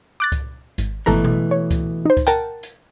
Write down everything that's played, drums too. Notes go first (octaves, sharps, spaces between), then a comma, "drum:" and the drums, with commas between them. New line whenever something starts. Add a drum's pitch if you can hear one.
D6 F#6 A6
drum: kick C#2, hi-hat
G#1, drum: hi-hat
G#1 B2 E3 A3 A4 A#5
drum: tom B2
C#5
drum: kick C#2, hi-hat
D#4 C5
drum: kick C#2, hi-hat
A#4 F#5 G5 A5
drum: hi-hat